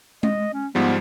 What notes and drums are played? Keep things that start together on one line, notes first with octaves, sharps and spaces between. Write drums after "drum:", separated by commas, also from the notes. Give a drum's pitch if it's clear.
D#5, drum: tom G#3
C#4
G#2 F3 G3 B3